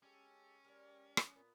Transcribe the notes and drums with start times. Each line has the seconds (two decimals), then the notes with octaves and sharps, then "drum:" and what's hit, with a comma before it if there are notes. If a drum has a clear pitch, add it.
0.03 G#3 C#4 G4 A4
0.64 G#3 G4 A#4 D5
1.17 drum: rim click
1.35 A#2 B3